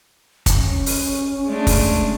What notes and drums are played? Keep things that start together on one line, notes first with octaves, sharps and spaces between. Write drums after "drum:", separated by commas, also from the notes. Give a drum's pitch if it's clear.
drum: kick, hi-hat
C#4
drum: open hi-hat
G#3 A3 D4
drum: kick, open hi-hat